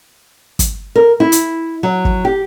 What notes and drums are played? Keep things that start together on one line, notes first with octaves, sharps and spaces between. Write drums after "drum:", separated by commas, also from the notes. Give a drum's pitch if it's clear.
drum: kick, hi-hat
A#4
E4
drum: hi-hat
F#3
drum: kick
G4